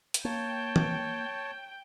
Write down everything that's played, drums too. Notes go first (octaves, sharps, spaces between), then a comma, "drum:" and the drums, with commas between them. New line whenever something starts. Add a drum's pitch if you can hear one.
drum: hi-hat
A#3 C#5 G5 A5
drum: tom